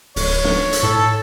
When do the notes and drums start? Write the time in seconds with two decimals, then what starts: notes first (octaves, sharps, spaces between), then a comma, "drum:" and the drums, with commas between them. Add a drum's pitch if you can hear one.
0.16 D1 C#5, drum: open hi-hat
0.44 drum: snare
0.73 drum: hi-hat
0.83 A2 A4